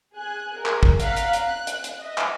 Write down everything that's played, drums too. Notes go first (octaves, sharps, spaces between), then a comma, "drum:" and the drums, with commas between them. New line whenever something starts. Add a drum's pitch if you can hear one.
G#4 G#5 F#6
G#4 A#4
drum: clap
drum: kick
F5 F#5 A#5 F#6 B6, drum: hi-hat
drum: hi-hat
drum: hi-hat
F#6
drum: hi-hat
drum: hi-hat
D#5 E5
drum: clap